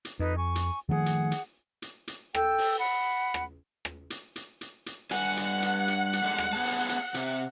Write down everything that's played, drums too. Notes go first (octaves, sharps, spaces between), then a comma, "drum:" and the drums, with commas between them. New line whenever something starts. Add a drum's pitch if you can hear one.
drum: hi-hat
F2 D#4 B4
G#5 C#6
drum: hi-hat
D#3 F3 A3 G#4 F#5
drum: hi-hat
drum: hi-hat
drum: hi-hat
drum: hi-hat
A4 G5 E6, drum: rim click
drum: open hi-hat
F#5 B5
drum: rim click
drum: rim click
drum: hi-hat
drum: hi-hat
drum: hi-hat
drum: hi-hat
G2 F#5 G#5, drum: hi-hat
drum: hi-hat
drum: hi-hat
drum: hi-hat
drum: hi-hat
D3 G3 G#3
drum: rim click
B3 G#4 A5
drum: open hi-hat
drum: hi-hat
C3, drum: hi-hat